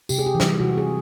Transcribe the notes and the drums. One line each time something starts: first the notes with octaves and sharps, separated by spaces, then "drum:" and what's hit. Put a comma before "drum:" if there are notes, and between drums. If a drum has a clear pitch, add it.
C3 G4, drum: tambourine
G#4
G4
E3
G3, drum: snare
C3 F#4
G#4